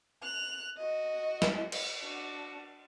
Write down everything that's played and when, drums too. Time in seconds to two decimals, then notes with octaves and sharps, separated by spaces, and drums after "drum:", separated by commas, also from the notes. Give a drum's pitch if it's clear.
0.22 F#6 F7
0.77 F#4 D#5
1.42 drum: snare
1.72 drum: cymbal
2.03 D4 F#4